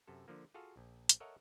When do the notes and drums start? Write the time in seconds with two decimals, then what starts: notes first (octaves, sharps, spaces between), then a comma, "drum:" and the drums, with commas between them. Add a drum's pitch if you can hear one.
0.08 F#2 C3 A4
0.28 D3 F3 A#3
0.54 F4 F#4 G#4 A4 F5
0.77 A#1
1.09 drum: hi-hat
1.20 A4 A#4 C#5 D#5 E5 F#5